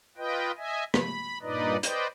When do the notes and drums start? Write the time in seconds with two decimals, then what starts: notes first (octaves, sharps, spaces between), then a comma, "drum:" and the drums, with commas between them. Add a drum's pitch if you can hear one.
0.17 F4 B4 D#5 G5
0.57 D#5 E5 G#5
0.94 B5, drum: rim click
1.42 G2 A#2 D#4 B4 D5 D#5
1.83 B4 C5 D5 D#5 G5, drum: hi-hat